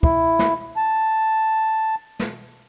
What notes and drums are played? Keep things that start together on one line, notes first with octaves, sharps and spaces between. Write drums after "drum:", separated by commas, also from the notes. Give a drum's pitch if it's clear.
E4, drum: kick
drum: snare
A5
drum: snare